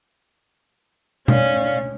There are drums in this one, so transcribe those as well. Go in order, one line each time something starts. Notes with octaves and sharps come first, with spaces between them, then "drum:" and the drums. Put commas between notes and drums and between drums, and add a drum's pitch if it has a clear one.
C#4 D5 F5, drum: tom B2